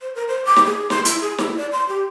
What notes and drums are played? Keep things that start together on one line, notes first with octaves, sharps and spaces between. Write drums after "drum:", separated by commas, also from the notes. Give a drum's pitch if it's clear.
C5
A#4
C5
D6
drum: snare
G#4
C6, drum: snare
E4, drum: hi-hat
G#4
E4, drum: snare
D5
C6
G4